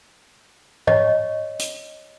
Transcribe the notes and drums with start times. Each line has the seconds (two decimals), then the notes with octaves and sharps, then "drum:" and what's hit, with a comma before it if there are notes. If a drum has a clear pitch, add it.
0.87 C#5 D#5 C#6, drum: tom G#2
1.59 drum: hi-hat